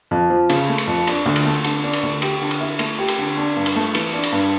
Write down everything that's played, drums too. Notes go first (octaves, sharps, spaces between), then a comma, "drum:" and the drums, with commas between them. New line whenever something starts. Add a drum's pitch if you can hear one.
F2
F3
C#3, drum: cymbal
A3
drum: cymbal
F2
D4, drum: cymbal
D2
drum: cymbal
A3
D3, drum: cymbal
D4
drum: cymbal
D2
G4, drum: cymbal
D3
drum: cymbal
E4
A3, drum: cymbal
G4
drum: cymbal
D3
D4
G2
drum: cymbal
A3
E3, drum: cymbal
D4
drum: cymbal
G2